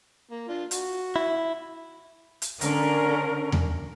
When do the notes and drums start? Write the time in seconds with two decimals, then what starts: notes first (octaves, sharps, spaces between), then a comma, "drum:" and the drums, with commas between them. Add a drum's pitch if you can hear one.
0.31 A#3
0.49 D4 F4
0.71 F#4, drum: hi-hat
1.16 E4
2.42 drum: hi-hat
2.61 D3 C#4 A#4, drum: hi-hat
3.52 drum: tom E2